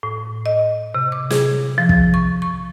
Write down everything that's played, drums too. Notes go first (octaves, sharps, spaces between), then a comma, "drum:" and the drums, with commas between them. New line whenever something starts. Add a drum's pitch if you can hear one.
A2
D#5
C3
D6
G#4, drum: snare
F3
drum: kick
C#6
C#6